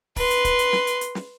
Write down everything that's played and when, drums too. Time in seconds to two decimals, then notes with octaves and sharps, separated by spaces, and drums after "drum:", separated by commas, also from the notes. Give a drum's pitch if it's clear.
0.16 B4 C6, drum: kick, open hi-hat
0.30 drum: hi-hat
0.45 drum: kick, hi-hat
0.59 drum: hi-hat
0.73 drum: snare
0.87 drum: hi-hat
1.01 drum: hi-hat
1.15 drum: snare